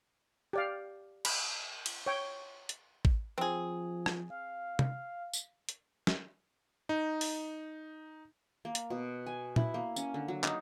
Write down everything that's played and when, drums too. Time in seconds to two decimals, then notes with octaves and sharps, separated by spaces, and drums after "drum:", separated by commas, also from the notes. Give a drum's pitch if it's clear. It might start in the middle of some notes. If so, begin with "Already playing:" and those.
0.53 G4 D5 F5
1.25 B5, drum: cymbal
1.86 drum: cymbal
2.06 C#5 G5
2.69 drum: hi-hat
3.05 drum: kick A1
3.38 F3 C4 G#4
4.06 drum: rim click
4.30 F5
4.79 drum: tom
5.33 drum: tambourine
5.69 drum: hi-hat
6.07 drum: snare
6.89 D#4
7.21 drum: open hi-hat
8.65 A#3
8.75 drum: hi-hat
8.90 B2
9.26 G#5
9.56 E4, drum: tom A#2
9.74 A#3
9.96 C#4, drum: tambourine
10.14 D3
10.28 F#3
10.44 D#4, drum: clap